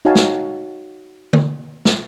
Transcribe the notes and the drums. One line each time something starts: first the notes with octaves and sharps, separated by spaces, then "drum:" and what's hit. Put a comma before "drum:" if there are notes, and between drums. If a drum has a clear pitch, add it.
D#4 F#4 C#5 F5 G#5 A5
drum: snare
drum: tom D3
drum: snare